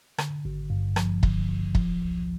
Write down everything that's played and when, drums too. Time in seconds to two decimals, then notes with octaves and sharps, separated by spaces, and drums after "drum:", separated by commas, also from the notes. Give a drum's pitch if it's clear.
0.18 D3, drum: rim click
0.45 G#1
0.70 G2
0.96 F3, drum: rim click
1.23 D3, drum: kick
1.49 G#1
1.75 F3, drum: kick
2.02 C#2